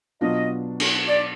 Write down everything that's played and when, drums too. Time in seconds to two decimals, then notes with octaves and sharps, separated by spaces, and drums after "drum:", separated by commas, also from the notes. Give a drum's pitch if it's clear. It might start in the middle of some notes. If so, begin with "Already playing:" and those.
0.21 B2 F#3 D4 F4 D#5
0.80 drum: cymbal
1.08 D5